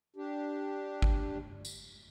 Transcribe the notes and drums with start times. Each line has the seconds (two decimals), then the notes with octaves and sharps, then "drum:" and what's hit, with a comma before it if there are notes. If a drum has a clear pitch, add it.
0.16 D4 G4
1.02 drum: kick G#1
1.65 drum: tambourine